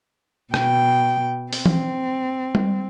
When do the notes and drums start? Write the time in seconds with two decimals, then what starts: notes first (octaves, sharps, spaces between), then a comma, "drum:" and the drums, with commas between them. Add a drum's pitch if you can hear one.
0.54 B2 G5, drum: rim click
1.53 C4, drum: open hi-hat
1.66 drum: tom E3
2.55 drum: tom G3